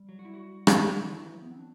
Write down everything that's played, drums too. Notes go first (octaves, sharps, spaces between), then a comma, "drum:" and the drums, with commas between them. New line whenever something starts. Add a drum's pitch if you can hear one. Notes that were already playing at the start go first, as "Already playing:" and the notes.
Already playing: G3
F#3
F#4
E4
F#4
B3, drum: rim click
D4
D3 E4
E3
E3
F#3
B3
C4
D4